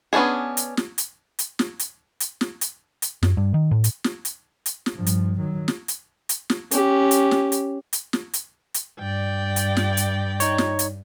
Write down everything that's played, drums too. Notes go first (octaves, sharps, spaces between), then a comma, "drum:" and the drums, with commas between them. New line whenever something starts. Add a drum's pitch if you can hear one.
B3 C#4 D4 E4 G#4
drum: hi-hat
drum: snare
drum: hi-hat
drum: hi-hat
drum: snare
drum: hi-hat
drum: hi-hat
drum: snare
drum: hi-hat
drum: hi-hat
F#2, drum: snare
G2
D#3
A2
drum: hi-hat
drum: snare
drum: hi-hat
drum: hi-hat
drum: snare
G2 F3
drum: hi-hat
D#3 F#3
drum: snare
drum: hi-hat
drum: hi-hat
drum: snare
C#4 G4, drum: hi-hat
drum: hi-hat
drum: snare
drum: hi-hat
drum: hi-hat
drum: snare
drum: hi-hat
drum: hi-hat
G2 D5 G5
drum: hi-hat
drum: snare
drum: hi-hat
D#4 C#5, drum: hi-hat
drum: snare
drum: hi-hat